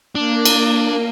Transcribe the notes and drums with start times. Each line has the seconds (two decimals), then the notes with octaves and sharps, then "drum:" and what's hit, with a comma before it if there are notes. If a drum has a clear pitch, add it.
0.15 A#3 D4
0.45 drum: cymbal